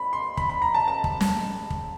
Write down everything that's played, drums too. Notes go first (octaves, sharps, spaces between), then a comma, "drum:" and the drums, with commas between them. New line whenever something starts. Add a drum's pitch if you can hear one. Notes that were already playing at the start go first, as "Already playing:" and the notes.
Already playing: B5
C6
B5, drum: kick
B5
A#5
A5
A5
drum: kick
drum: snare
drum: kick